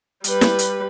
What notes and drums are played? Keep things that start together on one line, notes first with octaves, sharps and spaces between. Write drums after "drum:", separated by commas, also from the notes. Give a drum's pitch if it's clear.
G3 B4, drum: hi-hat
drum: snare
drum: hi-hat